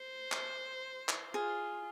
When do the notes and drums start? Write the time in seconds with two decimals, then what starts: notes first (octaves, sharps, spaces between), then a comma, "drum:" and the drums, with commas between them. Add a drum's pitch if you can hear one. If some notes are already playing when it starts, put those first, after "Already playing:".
Already playing: C5
0.32 drum: clap
1.09 drum: clap
1.34 F4 G#4